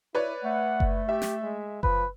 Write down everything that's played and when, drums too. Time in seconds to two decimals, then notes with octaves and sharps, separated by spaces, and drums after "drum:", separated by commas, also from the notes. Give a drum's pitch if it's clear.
0.15 E4 B4 C#5 D5
0.44 A3 F#5
0.80 drum: kick F#1
1.09 G4 E5
1.22 drum: snare
1.42 G#3
1.83 F3 B4, drum: kick F#1